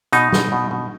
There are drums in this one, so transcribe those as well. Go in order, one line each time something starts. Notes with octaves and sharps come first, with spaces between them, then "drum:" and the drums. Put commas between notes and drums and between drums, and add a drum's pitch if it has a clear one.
B2 D#4, drum: hi-hat
B2, drum: snare
B2
B2